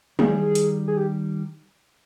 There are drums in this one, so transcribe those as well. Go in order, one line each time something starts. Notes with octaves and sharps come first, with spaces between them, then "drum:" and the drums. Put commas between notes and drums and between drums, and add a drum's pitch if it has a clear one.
D#3 G3 G#4, drum: tom
drum: hi-hat
G#4
G4